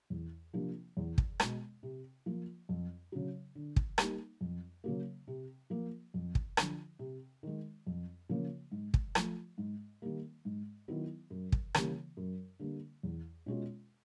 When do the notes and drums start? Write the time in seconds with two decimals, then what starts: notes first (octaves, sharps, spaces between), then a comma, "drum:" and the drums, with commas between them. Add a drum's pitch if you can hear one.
0.10 E2
0.54 C3 F3 A#3 D4
0.97 E2
1.18 drum: kick
1.40 B2 G#3, drum: rim click
1.83 C3
2.26 F3 A#3
2.69 F2
3.12 C#3 F#3
3.55 D3
3.76 drum: kick
3.98 G3 A#3 D#4, drum: rim click
4.41 F2
4.84 C#3 F#3 A#3
5.28 C3
5.70 F3 A#3
6.14 F2
6.35 drum: kick
6.57 D3 F3, drum: rim click
6.99 C3
7.43 D#3 G#3
7.87 F2
8.29 C#3 F3 A#3
8.72 G#2
8.94 drum: kick
9.15 F3 A3, drum: rim click
9.58 G#2
10.02 D#3 G3 A#3
10.45 G#2
10.88 D#3 F#3 B3 E4
11.30 F#2
11.52 drum: kick
11.75 C#3 E3 G3 A#3, drum: rim click
12.17 F#2
12.60 D3 G3 A#3
13.03 E2
13.46 B2 G#3 C#4 F4